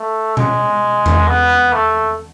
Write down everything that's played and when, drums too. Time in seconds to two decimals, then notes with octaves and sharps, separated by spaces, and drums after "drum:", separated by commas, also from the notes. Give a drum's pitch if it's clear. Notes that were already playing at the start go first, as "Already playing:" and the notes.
Already playing: A3
0.37 G#3, drum: tom A#2
1.06 drum: tom E2
1.27 B3
1.73 A3